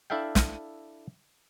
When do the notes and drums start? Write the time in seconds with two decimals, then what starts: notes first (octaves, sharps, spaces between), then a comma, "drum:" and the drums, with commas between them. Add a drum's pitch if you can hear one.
0.10 D4 E4 A4 E5 F5 G5
0.35 drum: snare